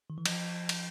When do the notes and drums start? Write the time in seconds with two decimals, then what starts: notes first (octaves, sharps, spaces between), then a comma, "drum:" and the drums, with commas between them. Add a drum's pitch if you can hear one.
0.10 D#3
0.18 E3
0.26 F3, drum: cymbal
0.69 drum: cymbal